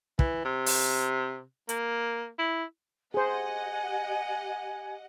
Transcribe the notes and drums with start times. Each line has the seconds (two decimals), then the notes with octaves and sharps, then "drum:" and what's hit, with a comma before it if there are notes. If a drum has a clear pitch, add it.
0.19 E3, drum: kick
0.45 C3
0.66 drum: open hi-hat
1.69 A#3, drum: hi-hat
2.39 E4
3.14 G4 G#4 C5 D#5 F#5 G#5